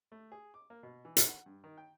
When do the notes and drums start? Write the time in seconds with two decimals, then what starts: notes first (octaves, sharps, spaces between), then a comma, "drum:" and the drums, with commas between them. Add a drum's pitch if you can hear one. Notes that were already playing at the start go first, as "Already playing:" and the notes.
0.12 A3
0.32 G#4
0.54 D6
0.70 A#3
0.83 B2
1.05 E3
1.17 D#3, drum: hi-hat
1.29 F#5
1.46 G2
1.64 D#3
1.78 G5